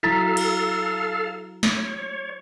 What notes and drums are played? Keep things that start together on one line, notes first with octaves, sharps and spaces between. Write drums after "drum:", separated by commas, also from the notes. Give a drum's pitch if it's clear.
F#3 E4 A4 F5 A#5 A6 B6
drum: cymbal
C#5, drum: snare